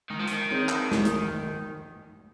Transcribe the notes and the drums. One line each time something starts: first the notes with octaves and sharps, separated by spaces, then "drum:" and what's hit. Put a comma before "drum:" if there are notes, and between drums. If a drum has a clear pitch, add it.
D#3 G#3
F3
D#3, drum: hi-hat
C4 D#4 G#4 C#5
drum: clap
G#3, drum: snare
drum: hi-hat